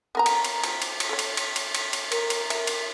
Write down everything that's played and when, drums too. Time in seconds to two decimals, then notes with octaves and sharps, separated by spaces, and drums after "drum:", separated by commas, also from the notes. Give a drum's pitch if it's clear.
0.15 B3 A#4 A#5
0.26 drum: cymbal
0.44 drum: cymbal
0.64 F3, drum: cymbal
0.82 drum: cymbal
1.00 drum: cymbal
1.09 A4 C#5
1.19 drum: cymbal
1.37 drum: cymbal
1.56 drum: cymbal
1.75 drum: cymbal
1.93 drum: cymbal
2.12 A#4, drum: cymbal
2.30 drum: cymbal
2.50 E5, drum: cymbal
2.67 drum: cymbal